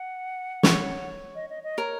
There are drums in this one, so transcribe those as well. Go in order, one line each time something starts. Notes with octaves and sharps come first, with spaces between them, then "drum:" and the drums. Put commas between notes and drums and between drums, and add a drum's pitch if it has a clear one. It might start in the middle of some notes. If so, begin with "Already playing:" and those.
Already playing: F#5
C#5, drum: snare
D#5
D#5
D#5
A#4 C#5